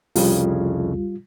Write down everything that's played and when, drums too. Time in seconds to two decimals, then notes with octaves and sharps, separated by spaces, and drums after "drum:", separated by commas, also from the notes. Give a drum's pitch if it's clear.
0.16 C2 F2 C#3 G3 F4, drum: open hi-hat